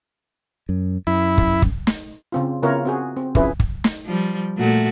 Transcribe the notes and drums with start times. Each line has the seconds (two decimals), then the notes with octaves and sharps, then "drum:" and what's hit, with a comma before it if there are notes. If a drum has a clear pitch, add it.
0.69 F#2
1.07 F#2 E4
1.38 drum: kick
1.62 drum: kick
1.87 drum: snare
2.32 C#3 C4 F4
2.63 C#3 B3 E4 F4 A#4 C#5
2.85 C4 F#4 G#4
3.17 C4
3.35 F3 C#4 E4 G#4 B4, drum: kick
3.60 drum: kick
3.84 drum: snare
4.06 F3 G3
4.57 A#2 A3 F#4